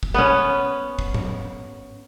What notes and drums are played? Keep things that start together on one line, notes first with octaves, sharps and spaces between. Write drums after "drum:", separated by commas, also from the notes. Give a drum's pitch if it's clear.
drum: kick
B3 C#4
drum: kick
drum: tom G#2